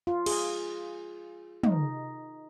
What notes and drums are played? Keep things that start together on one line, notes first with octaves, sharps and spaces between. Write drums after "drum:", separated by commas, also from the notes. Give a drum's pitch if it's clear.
F4
G#4, drum: cymbal
D#4, drum: tom